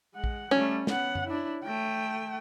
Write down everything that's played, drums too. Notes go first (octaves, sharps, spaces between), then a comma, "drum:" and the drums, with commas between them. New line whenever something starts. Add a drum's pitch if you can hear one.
G#3 F#5
drum: kick A#1
G3 A3 C#4
B3 F#5, drum: snare
drum: tom F#2
D4 E4
A3 G5